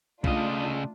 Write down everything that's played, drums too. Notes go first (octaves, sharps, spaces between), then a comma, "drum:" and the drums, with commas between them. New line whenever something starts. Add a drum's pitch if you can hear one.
C#3 A3 D4 F4 D#5, drum: kick B1